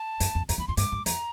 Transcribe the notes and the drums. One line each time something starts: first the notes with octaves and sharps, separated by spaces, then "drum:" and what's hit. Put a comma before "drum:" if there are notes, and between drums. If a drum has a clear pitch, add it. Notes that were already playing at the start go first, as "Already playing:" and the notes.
Already playing: A5
F#2, drum: hi-hat
F2
F2 A#5, drum: hi-hat
E2 B5
F2 C6
G2 D6, drum: hi-hat
G2
F2 A#5, drum: hi-hat